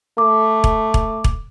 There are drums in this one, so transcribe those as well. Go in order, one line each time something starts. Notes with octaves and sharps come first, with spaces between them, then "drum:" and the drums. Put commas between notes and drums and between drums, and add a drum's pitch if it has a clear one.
A3 D6
drum: kick E1
drum: kick E1
drum: kick E1